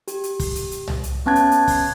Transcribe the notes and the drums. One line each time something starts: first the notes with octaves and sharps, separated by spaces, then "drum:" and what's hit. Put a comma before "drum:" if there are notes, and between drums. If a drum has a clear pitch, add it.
G4, drum: hi-hat
drum: hi-hat
drum: kick, open hi-hat
drum: hi-hat
drum: hi-hat
drum: tom
drum: hi-hat
B3 C#4 A5 F#6 G#6
drum: hi-hat
drum: hi-hat
drum: kick, open hi-hat